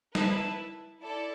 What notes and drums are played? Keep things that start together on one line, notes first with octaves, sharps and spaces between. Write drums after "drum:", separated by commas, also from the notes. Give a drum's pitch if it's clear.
E4 B4 E5 A5, drum: snare
E4 A4 D5 A5